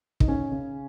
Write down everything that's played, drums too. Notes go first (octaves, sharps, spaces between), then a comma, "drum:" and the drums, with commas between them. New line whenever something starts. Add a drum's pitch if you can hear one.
D#4, drum: kick
C#3 C#4
C#3